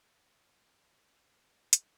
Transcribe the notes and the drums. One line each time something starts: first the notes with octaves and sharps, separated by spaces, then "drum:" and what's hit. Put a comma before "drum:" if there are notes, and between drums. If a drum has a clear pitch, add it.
E4 G#4 D5
G3 D#4 F4
A5
drum: hi-hat